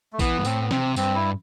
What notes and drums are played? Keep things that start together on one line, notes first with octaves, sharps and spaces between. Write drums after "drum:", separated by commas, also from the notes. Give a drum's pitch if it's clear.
A3
E3 B3, drum: kick, tambourine
G2
A2 C4, drum: tambourine
B3
C3 C4, drum: snare
G2 C4, drum: tambourine
E4